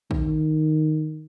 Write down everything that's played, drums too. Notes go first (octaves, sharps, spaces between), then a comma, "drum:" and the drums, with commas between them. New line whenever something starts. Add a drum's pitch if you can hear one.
D#3, drum: kick